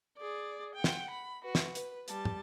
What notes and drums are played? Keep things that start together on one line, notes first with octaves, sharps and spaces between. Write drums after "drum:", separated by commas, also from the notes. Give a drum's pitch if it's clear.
G#4 D5
F#5 G5
drum: snare
B5
F#4 B4
drum: snare
B4, drum: hi-hat
G3 A5, drum: hi-hat
drum: tom